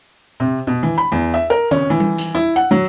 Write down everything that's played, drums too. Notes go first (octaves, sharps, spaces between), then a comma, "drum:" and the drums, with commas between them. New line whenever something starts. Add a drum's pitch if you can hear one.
C3
B2
E3
B5
E2
E5
A#4
C#4, drum: tom D#3
E3
drum: tom G3
drum: hi-hat
E4
F#5
F#3